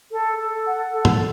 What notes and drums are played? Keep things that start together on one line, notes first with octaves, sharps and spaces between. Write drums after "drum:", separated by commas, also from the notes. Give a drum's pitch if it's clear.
A4
A4
F#5
A4
drum: tom